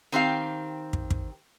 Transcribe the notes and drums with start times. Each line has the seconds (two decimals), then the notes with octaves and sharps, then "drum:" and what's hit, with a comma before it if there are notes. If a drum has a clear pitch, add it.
0.12 D#3 C4 G4 F5
0.93 drum: kick
1.10 drum: kick